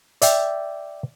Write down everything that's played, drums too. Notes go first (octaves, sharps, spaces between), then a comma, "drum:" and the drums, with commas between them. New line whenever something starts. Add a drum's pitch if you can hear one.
D5 E5 G5, drum: hi-hat